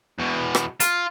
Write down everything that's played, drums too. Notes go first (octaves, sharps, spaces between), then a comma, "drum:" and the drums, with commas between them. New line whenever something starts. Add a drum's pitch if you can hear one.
E2 B2
drum: rim click
F4, drum: hi-hat